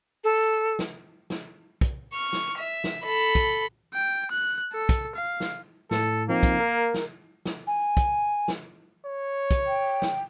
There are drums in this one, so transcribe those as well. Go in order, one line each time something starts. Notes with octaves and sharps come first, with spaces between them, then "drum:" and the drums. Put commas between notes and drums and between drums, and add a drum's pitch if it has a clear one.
A4
drum: snare
drum: snare
drum: kick, hi-hat
C#6 F6
drum: snare
E5
drum: snare
A4 B5
drum: kick, hi-hat
G5
F#6
A4
drum: kick, hi-hat
F5
drum: snare
A2 A4, drum: snare
F3 A#3 C4 D#4
drum: kick, hi-hat
A#4
drum: snare
drum: snare
G#5
drum: kick, hi-hat
drum: snare
C#5
drum: kick, hi-hat
G5
drum: snare